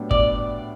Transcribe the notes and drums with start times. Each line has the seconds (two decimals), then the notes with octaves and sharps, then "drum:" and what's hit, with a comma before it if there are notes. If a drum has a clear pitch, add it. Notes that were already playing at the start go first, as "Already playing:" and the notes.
Already playing: A2 F#3 B3 D4 G4
0.11 D5, drum: kick G1